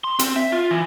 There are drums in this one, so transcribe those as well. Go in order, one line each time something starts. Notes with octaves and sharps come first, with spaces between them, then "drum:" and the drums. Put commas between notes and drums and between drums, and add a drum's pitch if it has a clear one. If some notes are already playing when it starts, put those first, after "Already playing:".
C6
C4, drum: hi-hat
E5
F4
E3